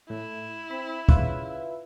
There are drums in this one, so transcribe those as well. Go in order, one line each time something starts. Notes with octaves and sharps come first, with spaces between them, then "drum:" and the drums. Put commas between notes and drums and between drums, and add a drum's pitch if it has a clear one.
A2 A3 E4
C4 B5
C#3 F4 B4 E5, drum: kick